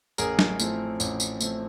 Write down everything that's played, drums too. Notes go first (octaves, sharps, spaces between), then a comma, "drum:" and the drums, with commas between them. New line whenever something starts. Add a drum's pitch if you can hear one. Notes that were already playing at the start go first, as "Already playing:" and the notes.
A1 G#4 A#4, drum: tambourine
drum: snare
A2 F3 A3 C4, drum: tambourine
A1, drum: tambourine
drum: tambourine
A2 F3 A3 C4, drum: tambourine